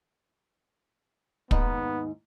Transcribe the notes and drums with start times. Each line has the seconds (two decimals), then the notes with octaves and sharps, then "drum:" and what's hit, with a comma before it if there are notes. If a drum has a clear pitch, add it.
1.51 D#2 G#2 B3 D#4, drum: kick